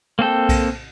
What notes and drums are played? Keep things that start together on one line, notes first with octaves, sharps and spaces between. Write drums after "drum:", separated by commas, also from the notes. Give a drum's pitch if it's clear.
A#3 C4 A4 G5
drum: kick B1, cymbal